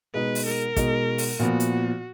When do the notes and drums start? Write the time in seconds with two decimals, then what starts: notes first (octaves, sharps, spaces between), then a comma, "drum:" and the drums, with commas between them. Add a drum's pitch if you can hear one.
0.14 B2 G#3 D#4 B4
0.35 drum: open hi-hat
0.46 A#4
0.76 B2 G#3 D#4, drum: kick, hi-hat
1.18 drum: open hi-hat
1.38 A#2 F3 B3 F#4
1.60 drum: hi-hat